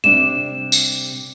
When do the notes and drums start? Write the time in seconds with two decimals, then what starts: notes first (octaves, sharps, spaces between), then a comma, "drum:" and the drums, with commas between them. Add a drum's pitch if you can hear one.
0.04 C3 G3 D4 E7
0.72 drum: tambourine